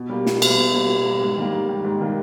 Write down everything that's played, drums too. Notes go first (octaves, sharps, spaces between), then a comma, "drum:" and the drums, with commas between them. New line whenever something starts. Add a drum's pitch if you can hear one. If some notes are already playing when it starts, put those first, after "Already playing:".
Already playing: B2
G3 A#3
B2, drum: snare
G3 A#3, drum: cymbal
B2
G3 A#3
B2
G3 A#3
G#2
D#3 G3 A#3
G#2
D#3 G3 A#3
G#2
D#3 G3 A#3